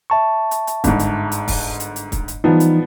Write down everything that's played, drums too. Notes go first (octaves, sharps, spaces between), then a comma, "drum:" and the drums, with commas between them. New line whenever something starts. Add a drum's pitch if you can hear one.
E5 A5 C#6
drum: hi-hat
drum: hi-hat
G1 G#2, drum: kick, hi-hat
drum: hi-hat
drum: hi-hat
drum: kick, open hi-hat
drum: hi-hat
drum: hi-hat
drum: kick, hi-hat
drum: hi-hat
E3 F3 G3 B3 D#4
drum: hi-hat